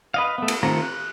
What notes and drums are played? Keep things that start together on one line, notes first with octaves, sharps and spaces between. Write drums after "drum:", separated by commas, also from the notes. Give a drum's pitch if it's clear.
B4 D#5 F5
A3 B3
drum: cymbal
D#3 A3 C4 F4 A#5
F#6